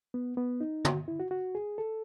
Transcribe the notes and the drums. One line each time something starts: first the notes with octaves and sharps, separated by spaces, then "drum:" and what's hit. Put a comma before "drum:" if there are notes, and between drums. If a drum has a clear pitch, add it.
B3
B3
D#4
F#4, drum: tom
E4
F#4
F#4
G#4
A4